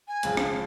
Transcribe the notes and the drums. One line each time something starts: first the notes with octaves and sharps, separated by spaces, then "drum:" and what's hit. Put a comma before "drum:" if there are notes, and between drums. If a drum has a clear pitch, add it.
G#5
C#2 C#3 F3, drum: hi-hat
drum: rim click